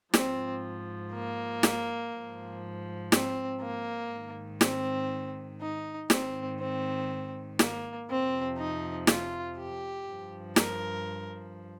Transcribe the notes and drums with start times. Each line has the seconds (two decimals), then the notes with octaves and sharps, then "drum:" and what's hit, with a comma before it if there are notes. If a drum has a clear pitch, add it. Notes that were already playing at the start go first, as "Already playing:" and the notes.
0.14 G#2 F3 C4, drum: snare
1.13 A#3
1.63 drum: snare
2.12 G#2 F3
3.12 C4, drum: snare
3.61 A#3
4.12 G#2 D#3
4.61 C4, drum: snare
5.61 D#4
6.10 G#2 D#3 C4, drum: snare
6.59 C4
7.59 A#3, drum: snare
8.09 F2 C3 F3 C4
8.58 D#4
9.07 F4, drum: snare
9.57 G4
10.07 G2 F3
10.56 A#4, drum: snare